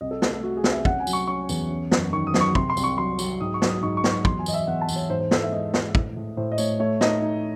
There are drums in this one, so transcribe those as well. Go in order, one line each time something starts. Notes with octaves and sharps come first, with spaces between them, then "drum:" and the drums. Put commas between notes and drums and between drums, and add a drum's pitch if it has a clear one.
C2 D#5
A4
A3 A4, drum: snare
A4
A3 F#4
G#4
C2, drum: snare
E5
C#4 F#5, drum: kick
G#5
F#3, drum: tambourine
C#6
C#4 C#6
E2, drum: tambourine
C#4
F#2, drum: snare
D#3 C#6
D#6
F#3, drum: snare
C#6
C3 C6, drum: kick
C6
C2, drum: tambourine
C#6
F#3 C6
F#3, drum: tambourine
G#2 D#6
C#6
F#3, drum: snare
D#6
G#2 C#6
C#6
F#3, drum: snare
C#6
E2 C6, drum: kick
G#5
E2 D#5, drum: tambourine
E5
E2 F#5
A5
E2, drum: tambourine
C#5
G#2 C5
C5
E3 A4, drum: snare
E5
G#3 D#5
G#3, drum: snare
A2, drum: kick
A2
A2 C5
D#5
A3 C#5, drum: tambourine
A3 C#5
D#4 D#5, drum: snare
D#4